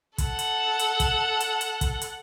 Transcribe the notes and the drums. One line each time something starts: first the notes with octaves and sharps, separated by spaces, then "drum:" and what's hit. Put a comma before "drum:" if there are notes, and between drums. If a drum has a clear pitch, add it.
A4 F#5, drum: kick, hi-hat
drum: hi-hat
drum: hi-hat
drum: kick, hi-hat
drum: hi-hat
drum: hi-hat
drum: kick, hi-hat
drum: hi-hat